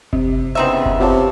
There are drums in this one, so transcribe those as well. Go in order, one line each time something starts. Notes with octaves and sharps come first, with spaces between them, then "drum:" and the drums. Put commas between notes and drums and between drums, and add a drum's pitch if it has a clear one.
C3, drum: kick F#1
C#3 E3 B3 C4 D#4 E5
drum: kick F#1
C3 F4 C#5 A5